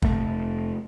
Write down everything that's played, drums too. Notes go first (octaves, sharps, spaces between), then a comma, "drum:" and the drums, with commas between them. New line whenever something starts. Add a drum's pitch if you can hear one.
F1 A3, drum: kick